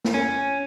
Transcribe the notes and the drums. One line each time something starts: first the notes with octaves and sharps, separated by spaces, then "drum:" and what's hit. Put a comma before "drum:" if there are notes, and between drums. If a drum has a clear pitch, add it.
drum: snare A3
C#4